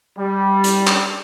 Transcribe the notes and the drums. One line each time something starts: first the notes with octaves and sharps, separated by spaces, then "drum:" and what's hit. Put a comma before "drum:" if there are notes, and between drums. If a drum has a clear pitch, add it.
G3
drum: hi-hat
drum: clap